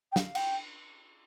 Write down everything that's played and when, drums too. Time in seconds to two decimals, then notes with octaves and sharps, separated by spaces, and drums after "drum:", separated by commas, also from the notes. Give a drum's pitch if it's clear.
0.12 G5
0.16 F5, drum: snare
0.35 G5, drum: cymbal